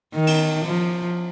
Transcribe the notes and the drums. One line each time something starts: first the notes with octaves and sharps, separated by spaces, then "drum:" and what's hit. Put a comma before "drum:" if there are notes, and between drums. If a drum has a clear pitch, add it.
D#3
drum: cymbal
F3